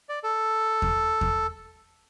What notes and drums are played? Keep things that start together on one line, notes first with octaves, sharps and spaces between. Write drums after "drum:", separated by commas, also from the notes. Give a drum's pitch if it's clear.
D5
A4
drum: kick E2
drum: kick E2